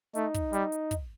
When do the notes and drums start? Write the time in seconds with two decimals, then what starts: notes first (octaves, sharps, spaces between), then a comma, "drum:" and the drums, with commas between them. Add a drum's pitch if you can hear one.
0.15 A3 D#4, drum: hi-hat
0.34 drum: kick, hi-hat
0.53 G3, drum: hi-hat
0.72 drum: hi-hat
0.91 drum: kick, hi-hat